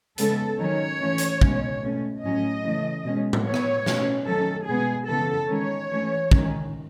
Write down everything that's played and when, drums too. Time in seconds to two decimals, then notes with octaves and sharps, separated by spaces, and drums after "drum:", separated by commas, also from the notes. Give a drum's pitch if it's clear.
0.18 C#3 G#3 B3 A4, drum: hi-hat
0.59 D#3 F#3 C#4 C#5
1.00 E3 A3 C#4
1.18 drum: hi-hat
1.41 B2 G#3 C#4, drum: kick
1.82 B2 A3 C#4
2.23 A2 F#3 C#4 D#5
2.64 C#3 E3 A3
3.04 B2 G#3 C#4
3.33 drum: tom A2
3.45 E3 B3 C#5
3.54 drum: rim click
3.86 B2 A3 C#4, drum: snare
4.27 D#3 F#3 A3 C#4 A4
4.67 B2 G#3 B3 G#4
5.08 C#3 E3 B3 A4
5.50 D#3 G#3 C#4 C#5
5.91 E3 A3 C#4
6.31 D#3 G#3 C#4, drum: kick